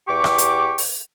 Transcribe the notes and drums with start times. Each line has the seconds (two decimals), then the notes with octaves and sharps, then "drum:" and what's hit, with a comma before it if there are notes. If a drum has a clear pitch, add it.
0.08 E2 G4 C#6 D6
0.24 drum: rim click
0.38 drum: hi-hat
0.78 drum: open hi-hat